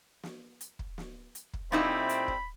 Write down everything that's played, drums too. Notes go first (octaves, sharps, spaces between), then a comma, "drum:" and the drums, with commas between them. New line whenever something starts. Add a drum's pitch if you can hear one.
drum: snare
drum: hi-hat
drum: kick
drum: snare
drum: hi-hat
drum: kick
A#2 G3 A3 C4 D#4 E4 B5, drum: snare
drum: hi-hat
drum: kick